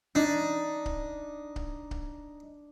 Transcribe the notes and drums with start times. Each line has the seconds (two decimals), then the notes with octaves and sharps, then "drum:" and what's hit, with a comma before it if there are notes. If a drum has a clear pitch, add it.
0.15 D4 D#4
0.86 drum: kick C#1
1.56 drum: kick C#1
1.91 drum: kick C#1